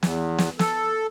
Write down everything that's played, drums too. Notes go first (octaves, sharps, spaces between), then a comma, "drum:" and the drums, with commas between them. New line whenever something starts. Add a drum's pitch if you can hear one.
E2, drum: snare
drum: snare
A4, drum: snare